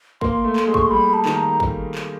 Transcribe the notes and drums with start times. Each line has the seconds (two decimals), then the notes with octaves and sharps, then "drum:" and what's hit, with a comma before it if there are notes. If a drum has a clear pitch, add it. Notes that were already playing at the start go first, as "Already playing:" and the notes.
0.21 A#3 C6, drum: kick
0.44 A3
0.56 A3 C6, drum: clap
0.67 G#3
0.74 C#6, drum: kick
0.82 C6
0.91 G3 B5
1.14 A5
1.26 D#3, drum: clap
1.36 A#5
1.60 drum: kick
1.95 drum: clap